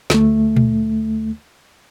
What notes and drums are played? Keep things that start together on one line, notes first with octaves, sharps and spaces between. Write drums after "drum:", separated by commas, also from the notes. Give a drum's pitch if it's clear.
D2 A3, drum: snare
drum: tom A#2